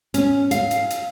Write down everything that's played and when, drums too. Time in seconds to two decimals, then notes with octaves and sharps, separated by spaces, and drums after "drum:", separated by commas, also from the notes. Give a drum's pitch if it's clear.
0.14 C#4, drum: hi-hat
0.51 F5, drum: hi-hat
0.71 drum: hi-hat
0.90 drum: hi-hat